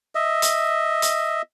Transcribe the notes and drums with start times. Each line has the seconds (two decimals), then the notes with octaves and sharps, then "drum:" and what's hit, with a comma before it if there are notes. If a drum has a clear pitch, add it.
0.15 D#5 E5
0.42 drum: hi-hat
1.02 drum: hi-hat